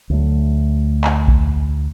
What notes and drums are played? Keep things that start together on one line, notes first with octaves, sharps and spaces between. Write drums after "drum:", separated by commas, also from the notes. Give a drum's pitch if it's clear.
D2 F#3 A3
drum: clap
drum: kick A#1